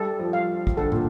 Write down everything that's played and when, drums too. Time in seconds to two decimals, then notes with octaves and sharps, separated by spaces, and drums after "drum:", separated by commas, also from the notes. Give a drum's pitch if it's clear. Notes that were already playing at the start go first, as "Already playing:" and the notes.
Already playing: G3 A4
0.19 F3
0.33 F5
0.67 drum: kick
0.77 D3 A4
0.92 A#2, drum: tom